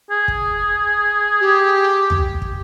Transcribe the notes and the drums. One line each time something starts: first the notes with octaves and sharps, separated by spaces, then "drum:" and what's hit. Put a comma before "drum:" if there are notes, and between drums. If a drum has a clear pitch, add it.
G#4
drum: kick
G4
drum: tom
drum: kick